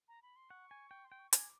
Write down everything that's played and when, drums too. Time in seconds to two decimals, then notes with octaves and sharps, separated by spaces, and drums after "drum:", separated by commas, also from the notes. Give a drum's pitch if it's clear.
0.08 A#5
0.22 B5
0.36 C6
0.50 F#5 C#6
0.71 G#5
0.91 G5
1.05 C6
1.12 G5
1.19 C#6
1.33 G#5 D6, drum: hi-hat